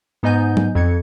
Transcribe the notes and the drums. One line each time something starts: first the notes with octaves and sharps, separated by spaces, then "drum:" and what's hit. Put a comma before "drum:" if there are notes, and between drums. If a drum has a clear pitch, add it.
G#2 B3 D#4 D#5 G#5 G6
drum: tom F#3
F2 G#6 C#7